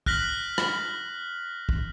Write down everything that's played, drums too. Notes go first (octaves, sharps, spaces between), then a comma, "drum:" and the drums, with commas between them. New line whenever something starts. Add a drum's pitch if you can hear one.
F6 F#6 A#6 B6 F#7, drum: kick
drum: rim click
drum: kick